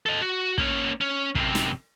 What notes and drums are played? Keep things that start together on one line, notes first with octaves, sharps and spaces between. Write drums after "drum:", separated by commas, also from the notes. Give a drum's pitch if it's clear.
A4 D#5
F#4
A#3 C#4, drum: kick
C#4
F#2 C3, drum: kick
drum: snare